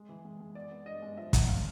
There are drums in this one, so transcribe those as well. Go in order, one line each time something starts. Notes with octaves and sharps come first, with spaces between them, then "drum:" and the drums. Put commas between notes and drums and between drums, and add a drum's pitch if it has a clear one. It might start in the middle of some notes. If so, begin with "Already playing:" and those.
Already playing: G#3
E3
G#3
G#3
B3 D5
B3
G2 D#5
G#3
F3 E5
C#3 F#5, drum: kick, hi-hat
C#3 F5